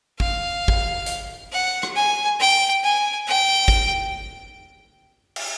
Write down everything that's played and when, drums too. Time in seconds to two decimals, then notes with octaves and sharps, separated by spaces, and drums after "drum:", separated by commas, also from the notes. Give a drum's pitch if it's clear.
0.20 F5, drum: kick
0.68 drum: kick
1.06 drum: hi-hat
1.52 F#5
1.83 drum: rim click
1.96 G#5
2.40 G5
2.84 G#5
3.28 G5
3.68 drum: kick
5.36 drum: cymbal